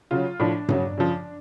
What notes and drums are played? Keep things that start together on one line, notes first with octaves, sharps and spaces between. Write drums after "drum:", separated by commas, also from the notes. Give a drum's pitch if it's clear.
C#3 F#3 F4
A2 F3 D4
C#3 F#3, drum: tom G2
C#3 F3